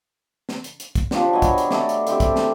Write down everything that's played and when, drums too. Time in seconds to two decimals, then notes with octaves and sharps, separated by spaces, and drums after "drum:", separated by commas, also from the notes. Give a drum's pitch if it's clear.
0.49 drum: snare
0.64 drum: hi-hat
0.80 drum: hi-hat
0.95 drum: kick, hi-hat
1.11 F3 D4 G4 C5, drum: snare
1.33 F#3 B3 D#5 G#5
1.42 drum: kick, hi-hat
1.58 drum: hi-hat
1.71 A3 A4 D5 D#5, drum: snare
1.89 drum: hi-hat
2.07 D3 C4 G4 E5, drum: hi-hat
2.20 drum: kick, hi-hat
2.36 drum: snare